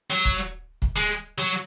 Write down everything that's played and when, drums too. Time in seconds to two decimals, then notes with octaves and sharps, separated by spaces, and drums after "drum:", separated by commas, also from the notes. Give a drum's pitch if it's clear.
0.11 F#3
0.25 drum: kick
0.82 drum: kick
0.96 G#3
1.38 F#3